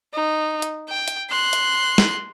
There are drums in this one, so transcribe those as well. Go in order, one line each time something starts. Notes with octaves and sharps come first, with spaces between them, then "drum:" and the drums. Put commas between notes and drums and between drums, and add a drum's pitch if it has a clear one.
D#4
drum: hi-hat
G5
drum: hi-hat
C6 F#6
drum: hi-hat
drum: snare